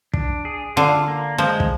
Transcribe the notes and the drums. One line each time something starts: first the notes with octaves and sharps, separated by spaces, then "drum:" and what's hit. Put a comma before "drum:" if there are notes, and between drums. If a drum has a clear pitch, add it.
D4, drum: kick
G#4
D3 F4
A#3
F3 G#3
drum: kick